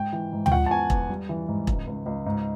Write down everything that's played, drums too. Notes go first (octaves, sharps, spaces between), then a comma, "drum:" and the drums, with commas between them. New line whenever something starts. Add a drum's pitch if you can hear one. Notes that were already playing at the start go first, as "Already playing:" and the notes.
Already playing: G#2 G5
E3
G#2
G5, drum: tom D2
F3 F#5
A5
E2 G#5
E2, drum: kick E1
G3
E3
G#2
C#2, drum: kick E1
C#2
C#2
G#2